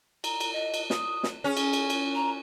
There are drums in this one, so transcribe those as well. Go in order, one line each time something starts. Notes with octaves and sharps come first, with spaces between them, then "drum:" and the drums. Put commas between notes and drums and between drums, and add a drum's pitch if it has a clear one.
A#5, drum: cymbal
drum: cymbal
D#5
drum: cymbal
D#6, drum: snare
drum: snare
C#4 G#4
drum: cymbal
drum: cymbal
drum: cymbal
A#5